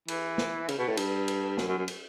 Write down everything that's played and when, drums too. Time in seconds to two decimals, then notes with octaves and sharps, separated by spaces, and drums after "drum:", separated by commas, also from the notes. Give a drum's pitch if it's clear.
0.08 E3, drum: cymbal
0.38 drum: snare
0.68 C#3, drum: cymbal
0.78 B2
0.88 A2
0.97 G2, drum: cymbal
1.28 drum: cymbal
1.58 F#2, drum: snare
1.68 F#2
1.78 F#2
1.88 drum: cymbal